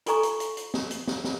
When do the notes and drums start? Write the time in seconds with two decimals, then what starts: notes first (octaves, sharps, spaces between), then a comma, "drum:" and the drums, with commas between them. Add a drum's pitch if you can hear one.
0.06 F4 G4 A4 G#5 A#5 C#6, drum: hi-hat
0.23 drum: hi-hat
0.40 drum: hi-hat
0.57 drum: hi-hat
0.74 drum: snare
0.91 drum: hi-hat
1.07 drum: snare
1.24 drum: snare